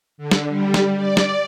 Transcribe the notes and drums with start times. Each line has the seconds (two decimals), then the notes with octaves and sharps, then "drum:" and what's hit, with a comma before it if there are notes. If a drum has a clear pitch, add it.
0.18 D3
0.31 drum: snare
0.49 G3
0.74 drum: snare
0.96 D5
1.17 drum: snare